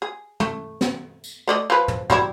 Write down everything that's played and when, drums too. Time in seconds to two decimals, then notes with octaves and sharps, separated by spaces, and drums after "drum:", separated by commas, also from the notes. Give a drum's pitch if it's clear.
0.02 G#4
0.40 A3, drum: tom
0.81 drum: snare
1.24 drum: tambourine
1.47 A3 D5 D#5
1.70 F3 B4
1.88 drum: tom
2.10 F#3 G3 E4, drum: tom